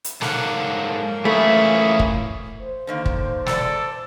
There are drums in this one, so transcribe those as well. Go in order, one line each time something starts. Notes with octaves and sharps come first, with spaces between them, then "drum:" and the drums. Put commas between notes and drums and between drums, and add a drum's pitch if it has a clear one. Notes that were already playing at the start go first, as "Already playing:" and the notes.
drum: hi-hat
G#2 F3 F#3 A#3 A4 F#5, drum: snare
E3 A3 C#4 G#4 E5 B5 C#6
drum: kick
C5
D3 D#3 A#3
drum: kick
E3 A4 D5, drum: snare